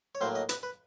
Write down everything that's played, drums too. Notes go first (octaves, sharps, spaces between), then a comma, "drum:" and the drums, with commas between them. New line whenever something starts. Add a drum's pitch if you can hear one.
C#5
A2 F#3 A#3 C5
D#5
B4, drum: hi-hat
B4